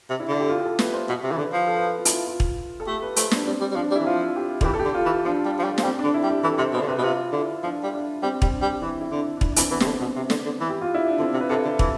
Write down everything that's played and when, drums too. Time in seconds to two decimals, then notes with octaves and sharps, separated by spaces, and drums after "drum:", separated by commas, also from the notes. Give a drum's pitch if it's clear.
0.10 C3
0.20 E4
0.29 D3 A4
0.40 G4
0.49 F4
0.60 G4
0.64 A4
0.79 B4, drum: snare
0.94 C5
1.08 B2 B4
1.23 C3
1.32 E3
1.38 D3 B4
1.53 F3
1.68 A4
1.77 B4
1.85 A4
1.98 F4
2.05 E4, drum: hi-hat
2.13 F4
2.27 F4
2.40 drum: kick
2.80 A4
2.86 A3 G4
3.02 B4
3.16 A3 C5, drum: hi-hat
3.31 D4, drum: snare
3.46 G3 C4
3.61 G3
3.71 G3
3.76 F3 D4
3.91 G3
3.95 E3 E4
4.05 F3 F4
4.36 G4
4.61 D3, drum: kick
4.65 E3 G4
4.73 A4
4.80 G4
4.85 D3
4.94 F4
5.05 E3
5.25 F3 D4
5.45 G3
5.59 F3
5.64 G3
5.78 F3, drum: snare
5.84 G3 C4
5.99 D4
6.04 D3
6.14 E4
6.23 G3
6.29 G4
6.43 E3 A4
6.58 C3 C5
6.73 B2 C5
6.81 D3
6.88 C3 B4
6.98 B2
7.03 C3 F4
7.32 D3 E4
7.63 F3 D4
7.83 G3
7.93 D4
8.23 G3 C4
8.42 G3, drum: kick
8.52 D4
8.62 G3
8.82 E3 E4
9.01 E4
9.11 D3 D4
9.37 D4
9.41 E4, drum: kick
9.52 D4
9.56 E3 C4, drum: hi-hat
9.71 E3 B3
9.80 C3, drum: snare
9.86 D3 C4
10.01 B2
10.16 C3
10.30 D3, drum: snare
10.46 D3
10.60 E3
10.69 G4
10.81 F4
10.94 E4
11.06 D4
11.19 D3 C4
11.34 C3
11.41 B4
11.50 C3 A4
11.65 D3
11.79 E3, drum: kick